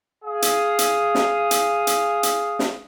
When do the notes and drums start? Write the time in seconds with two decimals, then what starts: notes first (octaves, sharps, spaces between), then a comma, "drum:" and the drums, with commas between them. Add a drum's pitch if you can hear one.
0.24 G#4 F5 D#6
0.42 drum: hi-hat
0.79 drum: hi-hat
1.15 drum: snare
1.51 drum: hi-hat
1.87 drum: hi-hat
2.23 drum: hi-hat
2.59 drum: snare